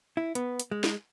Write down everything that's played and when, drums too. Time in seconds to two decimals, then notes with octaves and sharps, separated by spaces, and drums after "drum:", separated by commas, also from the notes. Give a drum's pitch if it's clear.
0.17 E4
0.35 B3, drum: hi-hat
0.60 drum: hi-hat
0.71 G#3
0.84 drum: snare